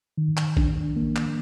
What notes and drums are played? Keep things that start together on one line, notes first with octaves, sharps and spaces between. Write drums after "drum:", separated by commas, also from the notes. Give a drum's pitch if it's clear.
D#3
drum: clap
D4, drum: kick
A#3
drum: clap